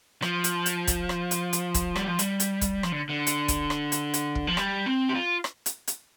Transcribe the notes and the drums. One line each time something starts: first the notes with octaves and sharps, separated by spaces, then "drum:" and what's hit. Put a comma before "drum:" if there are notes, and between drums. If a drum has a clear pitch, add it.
F3, drum: rim click
drum: hi-hat
drum: hi-hat
drum: kick, hi-hat
drum: rim click
drum: hi-hat
drum: hi-hat
drum: kick, hi-hat
G3, drum: rim click
F3
G3, drum: hi-hat
drum: hi-hat
drum: kick, hi-hat
F3, drum: rim click
D3
D3
drum: hi-hat
drum: kick, hi-hat
drum: rim click
drum: hi-hat
drum: hi-hat
drum: kick
F3
G3, drum: rim click
C4
G4
F4
drum: rim click
drum: hi-hat
drum: hi-hat